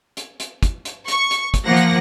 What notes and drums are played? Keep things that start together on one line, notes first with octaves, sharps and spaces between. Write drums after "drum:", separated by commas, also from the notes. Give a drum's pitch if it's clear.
drum: hi-hat
drum: hi-hat
drum: kick, hi-hat
drum: hi-hat
C#6, drum: hi-hat
drum: hi-hat
drum: kick, hi-hat
F3 A#3 F#5 A#6
drum: hi-hat